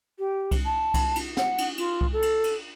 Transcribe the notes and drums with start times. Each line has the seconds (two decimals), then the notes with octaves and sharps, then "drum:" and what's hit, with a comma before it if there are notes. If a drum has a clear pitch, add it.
0.19 G4
0.51 drum: kick C2, cymbal
0.65 A5
0.94 drum: kick C2, cymbal
1.16 drum: cymbal
1.37 F#5, drum: snare
1.58 drum: cymbal
1.78 F4, drum: cymbal
2.01 drum: kick C2
2.13 A4
2.22 drum: cymbal
2.44 drum: cymbal